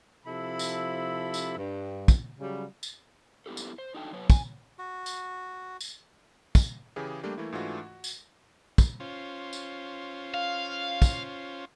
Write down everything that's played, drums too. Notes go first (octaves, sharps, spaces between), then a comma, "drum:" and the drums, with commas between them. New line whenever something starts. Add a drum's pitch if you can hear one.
C3 F3 E4 A4 B5
drum: tambourine
drum: tambourine
G2
drum: kick, tambourine
C#3 F#3 G3
drum: tambourine
B3 E4 G4 A4
drum: tambourine
C5
D4 D#4 F#4 A4 G5
F#3 B4 C#5
G#5, drum: kick, tambourine
F#4
drum: tambourine
drum: tambourine
drum: kick, tambourine
C#3 E3 G4 G#4
G3 A3 A#3 D4 G4
E3 A3 A#3 E4
G#2 E3 A3 D4 F4 F#4
F#4
drum: tambourine
drum: kick, tambourine
C#4 F4 C5
drum: tambourine
F5
drum: kick, tambourine